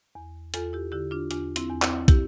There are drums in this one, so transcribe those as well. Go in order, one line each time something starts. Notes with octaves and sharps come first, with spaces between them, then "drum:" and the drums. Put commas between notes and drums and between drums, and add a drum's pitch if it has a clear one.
E2
E2 F4 A4, drum: hi-hat
E4 G4
D3 E4 G4
D4 F4
E2 D4 F4, drum: hi-hat
C4 E4, drum: hi-hat
E2
C4 E4, drum: clap
E4 G4, drum: kick, hi-hat